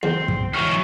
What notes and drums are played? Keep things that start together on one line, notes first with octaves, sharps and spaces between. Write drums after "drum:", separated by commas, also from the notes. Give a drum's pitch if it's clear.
E2 C4
drum: kick
E3 A3 C#4 D#4 F#4 C#5 F6